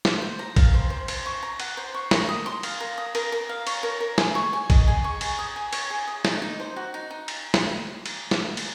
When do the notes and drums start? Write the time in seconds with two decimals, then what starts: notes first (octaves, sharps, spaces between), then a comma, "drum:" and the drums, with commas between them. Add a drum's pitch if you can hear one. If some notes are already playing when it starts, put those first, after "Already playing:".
0.05 C5, drum: snare
0.22 C5
0.39 A#5
0.56 F5, drum: kick A#1, cymbal
0.74 C5
0.90 C5
1.08 C5, drum: cymbal
1.26 C#6
1.43 A#5
1.60 F#5, drum: cymbal
1.77 C5
1.94 C#6
2.11 A#4, drum: snare
2.29 D#6
2.46 C6
2.63 F5, drum: cymbal
2.80 A#4
2.98 D#6
3.15 A#4, drum: cymbal
3.32 A#4
3.49 F5
3.67 C#5, drum: cymbal
3.83 A#4
4.00 A#4
4.18 G#4, drum: snare
4.35 C#6
4.53 G#5
4.70 D#5, drum: kick A#1, cymbal
4.88 G#4
5.04 C#6
5.21 G#4, drum: cymbal
5.39 D#6
5.56 G#5
5.73 C#5, drum: cymbal
5.90 G#4
6.07 D#6
6.25 D#4, drum: snare
6.42 D#4
6.60 C5
6.76 F#4
6.94 D#4
7.10 D#4
7.28 drum: cymbal
7.54 drum: snare
8.06 drum: cymbal
8.31 drum: snare
8.57 drum: cymbal